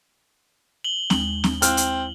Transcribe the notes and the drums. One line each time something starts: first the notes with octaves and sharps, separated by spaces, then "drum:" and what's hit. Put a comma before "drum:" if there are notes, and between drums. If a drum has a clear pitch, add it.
F#7 G7
D#2 G#3 F#7, drum: snare
drum: snare
C4 E4 F5 F6 F#6, drum: hi-hat
drum: hi-hat